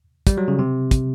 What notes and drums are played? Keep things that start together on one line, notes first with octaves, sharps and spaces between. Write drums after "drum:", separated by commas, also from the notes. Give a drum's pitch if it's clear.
G3, drum: kick, hi-hat
F#3
C#3
C3
drum: kick, hi-hat